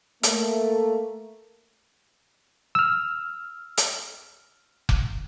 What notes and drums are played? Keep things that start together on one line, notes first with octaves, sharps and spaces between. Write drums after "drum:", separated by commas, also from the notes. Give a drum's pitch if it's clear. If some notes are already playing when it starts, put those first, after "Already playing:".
A3 A#3, drum: hi-hat
E6 F6
drum: hi-hat
drum: kick F1